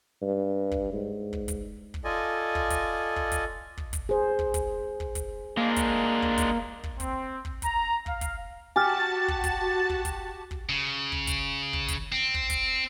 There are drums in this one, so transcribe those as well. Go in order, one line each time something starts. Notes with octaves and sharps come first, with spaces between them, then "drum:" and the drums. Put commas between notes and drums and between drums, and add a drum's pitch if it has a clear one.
G2
drum: kick
G#2
drum: kick
drum: kick, hi-hat
drum: kick
F4 A4 D5 D#5 G#5
drum: kick
drum: kick, hi-hat
drum: kick
drum: kick, hi-hat
drum: kick
drum: kick, hi-hat
G#4 C5
drum: kick
drum: kick, hi-hat
drum: kick
drum: kick, hi-hat
G#3 A#3 D4
drum: kick, hi-hat
drum: kick
drum: kick, hi-hat
drum: kick
C4, drum: kick, hi-hat
drum: kick
A#5, drum: kick, hi-hat
F5, drum: kick
drum: kick, hi-hat
F#4 G4 G#5 A5 F6 A6
drum: kick
drum: kick, hi-hat
drum: kick
drum: kick, hi-hat
drum: kick
C#3
drum: kick
drum: kick, hi-hat
drum: kick
drum: kick, hi-hat
C4
drum: kick
drum: kick, hi-hat